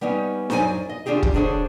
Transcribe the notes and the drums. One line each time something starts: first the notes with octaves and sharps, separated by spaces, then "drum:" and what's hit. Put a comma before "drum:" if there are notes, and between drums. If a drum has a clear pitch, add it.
G3 B3 C#4 D#4
F#2 D#4 C5 D5 G#5, drum: snare D4
D#5
D3 C#4 D4 F4 G4 G#4
drum: kick
D3 D4 G#4 C5 C#5